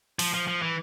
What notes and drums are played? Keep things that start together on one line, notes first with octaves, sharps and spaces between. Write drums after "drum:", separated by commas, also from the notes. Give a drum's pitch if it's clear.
F3, drum: open hi-hat
F3
F3
E3